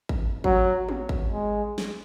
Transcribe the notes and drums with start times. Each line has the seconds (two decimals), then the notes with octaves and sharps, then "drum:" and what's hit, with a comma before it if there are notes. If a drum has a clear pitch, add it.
0.09 drum: kick G#1
0.44 F#3, drum: kick G#1
0.89 drum: tom
1.09 drum: kick G#1
1.32 G#3
1.78 drum: snare